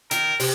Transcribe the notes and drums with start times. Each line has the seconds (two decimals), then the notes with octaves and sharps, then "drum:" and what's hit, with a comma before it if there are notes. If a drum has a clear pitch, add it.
0.11 D#3 A#4, drum: hi-hat
0.40 C3, drum: open hi-hat